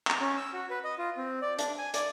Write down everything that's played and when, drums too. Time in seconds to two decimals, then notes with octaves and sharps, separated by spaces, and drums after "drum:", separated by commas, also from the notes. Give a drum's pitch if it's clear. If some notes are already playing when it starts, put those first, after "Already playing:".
0.07 A#5, drum: clap
0.20 C#4
0.37 E6
0.53 F#4
0.70 B4
0.84 D#5
0.98 F4
1.17 C4
1.42 D5
1.59 D4, drum: hi-hat
1.78 G#5
1.94 D5, drum: hi-hat